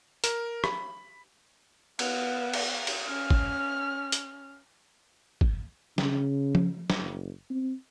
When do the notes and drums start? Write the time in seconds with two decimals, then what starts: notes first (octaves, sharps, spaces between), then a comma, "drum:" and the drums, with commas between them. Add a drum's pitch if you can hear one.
0.24 A#4, drum: hi-hat
0.64 B5, drum: rim click
1.99 B3 F5, drum: cymbal
2.53 drum: cymbal
2.87 drum: cymbal
3.08 C#4 F6
3.30 drum: kick
4.12 drum: hi-hat
5.41 drum: kick
5.98 C#3, drum: snare
6.55 drum: tom F3
6.90 drum: snare
6.99 F#1
7.50 C4